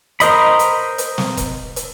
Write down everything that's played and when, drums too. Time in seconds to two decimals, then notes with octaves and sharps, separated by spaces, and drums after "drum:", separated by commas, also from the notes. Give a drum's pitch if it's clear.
0.20 A#4 C5 D#5 B5, drum: hi-hat
0.59 drum: hi-hat
0.98 drum: hi-hat
1.18 drum: snare
1.37 drum: kick E1, hi-hat
1.76 drum: hi-hat